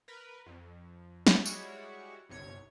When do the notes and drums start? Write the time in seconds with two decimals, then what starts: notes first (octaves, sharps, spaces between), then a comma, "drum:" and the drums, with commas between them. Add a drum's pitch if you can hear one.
0.08 A#4 B4
0.46 F2
1.27 drum: snare
1.46 G3 G#3 E4 F#4 C#5, drum: tambourine
2.29 G1 C2 C#5 G#6